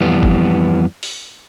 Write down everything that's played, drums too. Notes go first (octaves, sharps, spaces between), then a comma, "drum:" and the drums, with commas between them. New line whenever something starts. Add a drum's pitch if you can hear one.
F2 E3 G3 B3
drum: kick
drum: open hi-hat